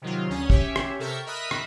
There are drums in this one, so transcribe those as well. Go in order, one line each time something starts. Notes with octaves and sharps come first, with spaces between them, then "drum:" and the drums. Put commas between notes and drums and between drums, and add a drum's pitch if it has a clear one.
C3 D#3 F#3 F4
D2 C#4 D#6
C#4 G4 C#5 E5, drum: kick
drum: rim click
C3 A4 A#4 E5 C#6 G6
A#4 D#5 E5 B5 D#6 F#6
drum: rim click